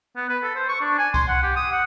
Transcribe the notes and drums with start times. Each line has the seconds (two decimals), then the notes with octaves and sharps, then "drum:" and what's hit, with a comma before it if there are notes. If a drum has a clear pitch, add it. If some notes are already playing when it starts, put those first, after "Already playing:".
0.16 B3
0.29 B4
0.43 A4
0.55 C5
0.69 C#6
0.81 D4
0.98 G#5
1.14 C6, drum: kick C2, tambourine
1.28 F#5
1.43 G4
1.56 D#6
1.72 F#5